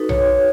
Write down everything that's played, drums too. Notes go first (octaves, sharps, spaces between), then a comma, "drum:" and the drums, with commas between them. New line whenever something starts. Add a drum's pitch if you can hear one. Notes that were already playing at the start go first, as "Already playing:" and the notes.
Already playing: D#4 F#4 A4 B4
C#5, drum: tom B1